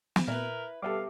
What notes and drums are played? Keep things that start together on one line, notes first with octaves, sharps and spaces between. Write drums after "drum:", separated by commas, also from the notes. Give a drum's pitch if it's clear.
drum: snare
A#2 E4 A#4 B4
G3 B3 G4 A4 E5 F5 D6